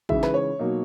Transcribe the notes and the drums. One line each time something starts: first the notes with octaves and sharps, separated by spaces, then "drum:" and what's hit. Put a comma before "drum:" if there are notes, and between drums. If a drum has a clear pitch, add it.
C#3 E3 G#3 D#4 E5, drum: kick A1
B4, drum: snare
C#5
B2 F#3 A#3 D#4